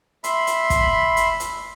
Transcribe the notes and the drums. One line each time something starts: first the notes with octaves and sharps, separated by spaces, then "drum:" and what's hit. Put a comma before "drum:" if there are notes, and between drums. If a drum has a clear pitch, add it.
E5 B5 C6, drum: hi-hat
drum: hi-hat
drum: kick, hi-hat
drum: hi-hat
drum: hi-hat